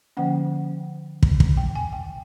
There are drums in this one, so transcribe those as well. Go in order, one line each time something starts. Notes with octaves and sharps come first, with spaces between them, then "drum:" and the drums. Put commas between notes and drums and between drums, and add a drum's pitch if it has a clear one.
D3 F3 A#3 C#4 F#5
drum: kick
drum: kick
G5
G#5
G5